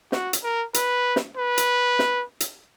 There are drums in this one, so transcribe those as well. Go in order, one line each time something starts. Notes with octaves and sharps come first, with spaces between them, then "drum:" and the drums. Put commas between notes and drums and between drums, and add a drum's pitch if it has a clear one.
F#4, drum: snare
drum: hi-hat
A#4
B4, drum: hi-hat
drum: snare
B4
drum: hi-hat
drum: snare
drum: hi-hat